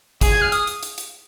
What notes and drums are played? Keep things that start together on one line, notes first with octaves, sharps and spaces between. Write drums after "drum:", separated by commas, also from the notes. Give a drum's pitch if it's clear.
G#4, drum: kick, hi-hat
G#6
F6
D#6, drum: hi-hat
drum: hi-hat
drum: hi-hat
drum: hi-hat